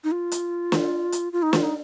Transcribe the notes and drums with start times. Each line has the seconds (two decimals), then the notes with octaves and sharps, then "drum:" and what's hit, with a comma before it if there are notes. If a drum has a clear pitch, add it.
0.04 D#4
0.12 F4
0.32 drum: hi-hat
0.72 drum: snare
1.12 drum: hi-hat
1.33 F4
1.42 D#4
1.53 F4, drum: snare
1.63 D#4